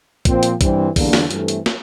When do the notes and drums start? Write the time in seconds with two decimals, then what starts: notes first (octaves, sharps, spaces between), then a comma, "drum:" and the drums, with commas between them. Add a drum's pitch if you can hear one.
0.25 A#2 F3 C4, drum: kick, hi-hat
0.43 drum: hi-hat
0.61 G2 E3 G3 C4, drum: kick, hi-hat
0.96 E2 D3 G3 A#3 D4, drum: kick, open hi-hat
1.13 drum: snare
1.31 G2 E3 A3 C4, drum: hi-hat
1.48 drum: hi-hat
1.66 drum: snare